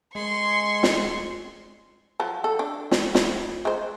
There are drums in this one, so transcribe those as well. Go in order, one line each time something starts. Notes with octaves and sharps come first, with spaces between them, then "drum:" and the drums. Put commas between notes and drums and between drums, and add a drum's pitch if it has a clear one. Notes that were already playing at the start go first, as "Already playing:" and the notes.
G#3 C6 C#6
drum: snare
F3 F#3 A5
A4
D4
drum: snare
E4, drum: snare
G#3 C5